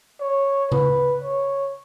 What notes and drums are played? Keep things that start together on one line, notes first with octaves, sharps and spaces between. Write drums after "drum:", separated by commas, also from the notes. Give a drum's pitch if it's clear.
C#5
B4, drum: tom C#3
C#5